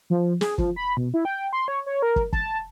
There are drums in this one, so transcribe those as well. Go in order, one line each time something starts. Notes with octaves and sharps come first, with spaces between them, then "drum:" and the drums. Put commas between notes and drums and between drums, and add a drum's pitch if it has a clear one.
F3
G#4, drum: snare
F3, drum: kick
B5
B2
E4
G5
C6
C#5
C#5
A#4
drum: kick
A5, drum: kick